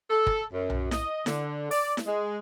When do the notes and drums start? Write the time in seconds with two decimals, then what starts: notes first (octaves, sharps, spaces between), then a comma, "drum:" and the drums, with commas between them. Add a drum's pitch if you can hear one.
0.10 A4
0.27 drum: kick
0.53 F#2
0.70 drum: tom B1
0.91 D#5, drum: snare E4
1.26 D3, drum: snare E4
1.71 D5, drum: open hi-hat
1.97 drum: snare E4
2.07 G#3